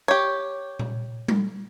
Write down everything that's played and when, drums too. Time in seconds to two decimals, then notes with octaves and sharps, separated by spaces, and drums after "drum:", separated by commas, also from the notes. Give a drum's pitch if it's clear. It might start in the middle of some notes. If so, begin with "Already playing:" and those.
0.08 G4 C#5
0.79 drum: tom A#2
1.28 drum: tom G3